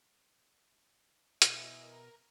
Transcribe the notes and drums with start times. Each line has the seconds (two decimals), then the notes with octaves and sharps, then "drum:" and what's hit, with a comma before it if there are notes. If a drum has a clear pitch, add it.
1.42 E2 B2 E3 E4 D#5, drum: hi-hat
1.81 A#4